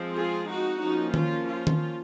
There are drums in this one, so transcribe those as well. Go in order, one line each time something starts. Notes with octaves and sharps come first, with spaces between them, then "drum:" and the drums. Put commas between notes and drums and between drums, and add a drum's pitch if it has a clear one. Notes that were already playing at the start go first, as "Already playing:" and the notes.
Already playing: F3 G#3 C4
F4 G#4
D#4 F#4
F3 A#3 C#4 D#4
F4, drum: tom D#3
F4
drum: tom D#3